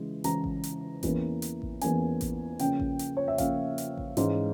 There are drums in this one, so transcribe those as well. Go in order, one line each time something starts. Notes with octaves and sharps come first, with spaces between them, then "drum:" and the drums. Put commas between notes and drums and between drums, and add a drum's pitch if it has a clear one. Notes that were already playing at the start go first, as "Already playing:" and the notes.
Already playing: C#3 E3 G#3
C#3 E3 G#3 E4 A#5, drum: hi-hat
drum: kick A1
drum: hi-hat
E2 E3 A#3 C#4, drum: kick A1, hi-hat
drum: hi-hat
drum: kick A1
E2 E3 A#3 C#4 G#5, drum: hi-hat
drum: kick A1, hi-hat
C#3 F3 A#3 C#4 G5, drum: hi-hat
drum: kick A1
drum: hi-hat
C#5
E5
C#3 F3 A#3 C#4 F5, drum: kick A1, hi-hat
drum: hi-hat
drum: kick A1
G#2 E3 G#3 C#4, drum: hi-hat